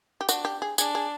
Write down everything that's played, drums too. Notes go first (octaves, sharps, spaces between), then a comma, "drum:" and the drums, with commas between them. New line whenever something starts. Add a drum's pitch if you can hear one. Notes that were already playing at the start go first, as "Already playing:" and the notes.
G4
D4 F#4, drum: tambourine
G4
G#4
D4 G#4, drum: tambourine
G#4